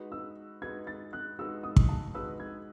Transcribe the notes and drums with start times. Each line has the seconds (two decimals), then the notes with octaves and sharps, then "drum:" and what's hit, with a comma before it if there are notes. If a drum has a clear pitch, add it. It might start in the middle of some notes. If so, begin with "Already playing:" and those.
Already playing: G#3 D#4 F#4 B4
0.12 E6
0.62 G#3 D#4 F#4 B4 G#6
0.87 A6
1.13 F#6
1.39 G#3 D#4 F#4 B4 E6
1.63 D#6
1.76 drum: kick
1.89 A5
2.15 G#3 D#4 F#4 B4 E6
2.40 G#6